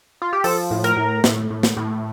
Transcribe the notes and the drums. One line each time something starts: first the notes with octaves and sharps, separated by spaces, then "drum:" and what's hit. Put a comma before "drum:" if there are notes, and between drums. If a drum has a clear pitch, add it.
F4
G4
F3 A4, drum: open hi-hat
A2
A#4, drum: hi-hat
A2
A2, drum: snare
A2
drum: snare
A2